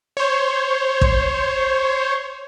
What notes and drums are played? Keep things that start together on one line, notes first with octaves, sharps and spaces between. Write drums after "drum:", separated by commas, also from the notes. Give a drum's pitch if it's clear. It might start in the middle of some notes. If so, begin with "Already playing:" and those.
C5 C#5
drum: kick